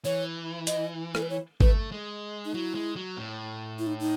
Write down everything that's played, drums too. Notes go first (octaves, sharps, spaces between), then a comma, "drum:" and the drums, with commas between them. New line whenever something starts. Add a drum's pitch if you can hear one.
E3 C#5
D#5, drum: hi-hat
A4, drum: rim click
B4
C#5
A3 B4, drum: kick
G#3
D#4
F#3 E4
G#3
F#3
A2
E4
D#4
D#4